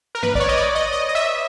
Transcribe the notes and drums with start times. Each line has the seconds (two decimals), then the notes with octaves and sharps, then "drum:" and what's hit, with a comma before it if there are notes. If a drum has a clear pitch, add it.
0.15 A#4
0.23 B4, drum: tom G2
0.35 D5, drum: kick
0.40 C#5
0.49 D#5
0.57 D5
0.75 D#5
0.92 D#5
1.09 D#5
1.15 E5